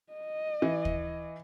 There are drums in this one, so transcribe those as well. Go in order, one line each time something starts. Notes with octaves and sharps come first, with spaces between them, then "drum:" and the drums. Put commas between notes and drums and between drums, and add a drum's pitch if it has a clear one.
D#5
E3
drum: kick